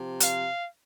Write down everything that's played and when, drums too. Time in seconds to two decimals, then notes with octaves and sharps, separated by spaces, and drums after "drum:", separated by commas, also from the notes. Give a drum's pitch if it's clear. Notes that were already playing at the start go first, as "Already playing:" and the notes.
Already playing: C3 F3
0.20 F5, drum: hi-hat